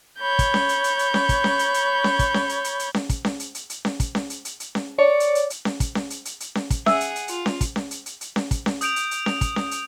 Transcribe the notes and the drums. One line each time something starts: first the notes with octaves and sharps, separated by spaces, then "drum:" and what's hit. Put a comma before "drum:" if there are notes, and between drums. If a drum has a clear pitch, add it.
C#5 B5 G6
drum: kick, hi-hat
drum: snare C#4
drum: hi-hat
drum: hi-hat
drum: hi-hat
drum: snare C#4
drum: kick, hi-hat
drum: snare C#4
drum: hi-hat
drum: hi-hat
drum: snare C#4
drum: kick, hi-hat
drum: snare C#4
drum: hi-hat
drum: hi-hat
drum: hi-hat
drum: snare C#4
drum: kick, hi-hat
drum: snare C#4
drum: hi-hat
drum: hi-hat
drum: hi-hat
drum: snare C#4
drum: kick, hi-hat
drum: snare C#4
drum: hi-hat
drum: hi-hat
drum: hi-hat
drum: snare C#4
C#5 D5
drum: hi-hat
drum: hi-hat
drum: hi-hat
drum: snare C#4
drum: kick, hi-hat
drum: snare C#4
drum: hi-hat
drum: hi-hat
drum: hi-hat
drum: snare C#4
drum: kick, hi-hat
G#4 E5 F#5 E6, drum: snare C#4
drum: hi-hat
drum: hi-hat
F4, drum: hi-hat
drum: snare C#4
drum: kick, hi-hat
drum: snare C#4
drum: hi-hat
drum: hi-hat
drum: hi-hat
drum: snare C#4
drum: kick, hi-hat
drum: snare C#4
D#6 G6 D7 F7, drum: hi-hat
drum: hi-hat
drum: hi-hat
drum: snare C#4
drum: kick, hi-hat
drum: snare C#4
drum: hi-hat